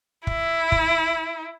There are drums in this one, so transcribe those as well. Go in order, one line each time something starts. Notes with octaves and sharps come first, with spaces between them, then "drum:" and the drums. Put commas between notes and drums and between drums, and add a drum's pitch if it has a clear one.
E4, drum: kick
drum: kick